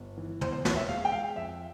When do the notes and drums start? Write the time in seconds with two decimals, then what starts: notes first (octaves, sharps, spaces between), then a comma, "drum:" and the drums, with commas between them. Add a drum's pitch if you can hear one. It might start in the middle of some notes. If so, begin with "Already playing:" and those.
Already playing: G1
0.18 E3
0.41 E2 C5, drum: tom
0.52 C5
0.65 E1 C#5, drum: snare
0.76 E5
0.89 G#3 F5
1.05 G5
1.12 G#3 F5
1.36 F2 E5